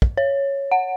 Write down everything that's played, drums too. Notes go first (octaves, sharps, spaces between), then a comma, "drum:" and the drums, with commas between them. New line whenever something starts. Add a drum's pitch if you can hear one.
drum: kick
C#5
F#5